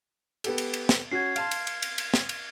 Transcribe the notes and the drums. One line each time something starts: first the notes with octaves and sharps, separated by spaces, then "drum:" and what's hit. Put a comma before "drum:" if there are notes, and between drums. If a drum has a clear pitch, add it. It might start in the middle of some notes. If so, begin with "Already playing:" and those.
B3 G4 A4, drum: cymbal
drum: cymbal
drum: cymbal
drum: snare
C#4 F#4 G#6 C7
F5 A5 C6 F6, drum: cymbal
drum: cymbal
drum: cymbal
drum: cymbal
drum: cymbal
drum: snare
drum: cymbal